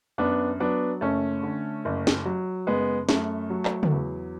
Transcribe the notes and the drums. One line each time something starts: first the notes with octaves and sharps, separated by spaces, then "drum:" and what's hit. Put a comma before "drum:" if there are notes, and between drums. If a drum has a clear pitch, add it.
F#2 B3 D4
F#3 B3 D4
F#1 A3 C#4
D3
F#1
drum: snare
F#3
F#1 G#3 B3
F#2 A3, drum: snare
F#3
drum: clap
drum: tom C#3
E2